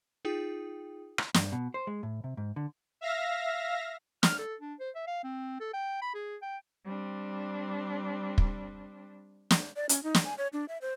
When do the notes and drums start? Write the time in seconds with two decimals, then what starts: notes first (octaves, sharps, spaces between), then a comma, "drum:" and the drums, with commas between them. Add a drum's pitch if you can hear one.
0.25 D#4 F4 G#4 G5 D#6
1.18 drum: rim click
1.34 G2, drum: snare
1.52 B2
1.74 C5
1.87 G#3
2.03 A2
2.24 C3
2.37 G#2
2.56 D3
3.01 E5 F5 A#6
4.23 F6, drum: snare
4.39 A4
4.61 D4
4.80 C5
4.95 E5
5.07 F5
5.24 C4
5.60 A4
5.74 G5
6.02 B5
6.14 G#4
6.42 G5
6.84 G3 C4 D4
8.38 drum: kick
9.51 drum: snare
9.76 D5
9.89 C#4, drum: hi-hat
10.03 D#4
10.15 drum: snare
10.24 G#5
10.38 C#5
10.53 D4
10.68 E5
10.82 C5